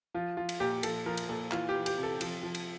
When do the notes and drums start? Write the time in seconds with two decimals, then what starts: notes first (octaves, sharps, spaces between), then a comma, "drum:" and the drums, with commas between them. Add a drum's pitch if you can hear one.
0.15 F3 F4
0.37 F3 F4
0.49 drum: cymbal
0.60 A#2 G4
0.83 F3 A4, drum: cymbal
1.06 F3 A#4
1.17 drum: cymbal
1.29 A#2 A4
1.51 E3 F4, drum: clap
1.69 G4
1.75 E3
1.86 G4, drum: cymbal
1.98 C3
2.03 A4
2.21 F3, drum: cymbal
2.43 F3
2.55 drum: cymbal